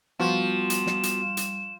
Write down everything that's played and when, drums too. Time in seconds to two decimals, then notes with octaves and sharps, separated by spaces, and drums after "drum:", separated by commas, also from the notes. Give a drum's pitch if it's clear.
0.20 F3 G3 B3 F4 F#4 E7
0.70 drum: hi-hat
0.87 drum: snare
1.03 drum: hi-hat
1.37 drum: hi-hat